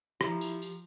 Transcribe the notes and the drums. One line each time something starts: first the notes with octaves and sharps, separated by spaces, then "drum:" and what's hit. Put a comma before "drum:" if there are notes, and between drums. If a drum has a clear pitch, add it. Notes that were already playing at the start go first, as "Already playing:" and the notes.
F3 E4 G4 A#5, drum: rim click
drum: tambourine
drum: tambourine